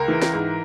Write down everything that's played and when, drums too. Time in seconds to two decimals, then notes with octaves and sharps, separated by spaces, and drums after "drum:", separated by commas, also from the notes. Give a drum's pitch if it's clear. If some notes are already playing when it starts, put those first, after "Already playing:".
Already playing: C#2 A#4
0.08 E3
0.22 drum: snare
0.33 G#2